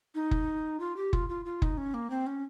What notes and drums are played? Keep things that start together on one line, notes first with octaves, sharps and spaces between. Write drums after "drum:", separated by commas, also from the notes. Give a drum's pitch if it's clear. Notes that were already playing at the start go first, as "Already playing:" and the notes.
D#4
drum: kick
F4
G4
F4, drum: kick
F4
F4
D#4, drum: kick
C#4
A#3
C4
C#4